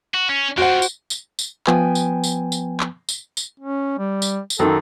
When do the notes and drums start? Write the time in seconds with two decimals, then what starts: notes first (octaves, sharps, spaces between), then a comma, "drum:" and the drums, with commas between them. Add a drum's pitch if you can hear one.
0.14 F#4
0.29 C#4
0.58 F4 F#4 C5 F#5 G5
0.82 drum: tambourine
1.10 drum: tambourine
1.39 drum: tambourine
1.67 F3 B3 B4 G5 G#5, drum: clap
1.95 drum: tambourine
2.24 drum: tambourine
2.52 drum: tambourine
2.80 drum: clap
3.09 drum: tambourine
3.37 drum: tambourine
3.60 C#4
3.98 G3
4.22 drum: tambourine
4.50 drum: tambourine
4.59 F#2 D#3 A4